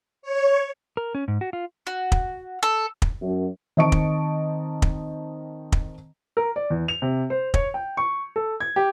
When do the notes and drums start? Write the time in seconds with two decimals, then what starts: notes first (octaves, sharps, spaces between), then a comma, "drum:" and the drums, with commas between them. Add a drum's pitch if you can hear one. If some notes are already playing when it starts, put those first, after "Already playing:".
0.22 C#5
0.97 A#4
1.15 C#4
1.28 G#2
1.41 F#4
1.53 F4
1.87 F#4
2.12 drum: kick
2.63 A4
3.02 drum: kick
3.22 F#2
3.77 D#3 C4 D#5 A5 C#6 D7
3.92 drum: kick
4.82 drum: kick
5.72 drum: kick
6.37 A#4
6.56 D5
6.70 E2
6.88 F7
7.02 C3
7.30 C5
7.54 C#5, drum: kick
7.74 G5
7.97 C#6
8.36 A4
8.60 G#6
8.76 G4